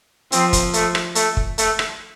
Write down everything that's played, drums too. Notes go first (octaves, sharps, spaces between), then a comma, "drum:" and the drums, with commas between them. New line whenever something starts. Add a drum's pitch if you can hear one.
F3 C4, drum: hi-hat
drum: kick, hi-hat
A3, drum: hi-hat
drum: rim click
A3, drum: hi-hat
drum: kick
A3, drum: hi-hat
drum: rim click